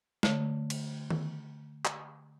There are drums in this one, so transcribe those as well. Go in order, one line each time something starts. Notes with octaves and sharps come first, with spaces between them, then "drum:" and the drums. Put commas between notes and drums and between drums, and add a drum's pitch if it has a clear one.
D3 A3 C#5, drum: snare
drum: cymbal
drum: tom D#3
drum: clap